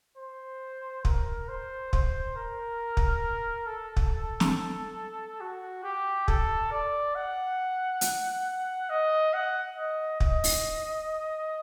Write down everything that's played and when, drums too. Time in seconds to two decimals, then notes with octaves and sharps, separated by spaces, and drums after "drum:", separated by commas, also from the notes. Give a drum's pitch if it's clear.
0.18 C5
1.05 A#4, drum: kick
1.49 C5
1.93 C5, drum: kick
2.36 A#4
2.97 drum: kick
3.66 A4
3.97 drum: kick
4.40 drum: snare
5.41 F#4
5.84 G4
6.28 A4, drum: kick
6.71 D5
7.15 F#5
8.01 drum: hi-hat
8.90 D#5
9.33 F#5
9.76 D#5
10.20 D#5, drum: kick
10.44 drum: open hi-hat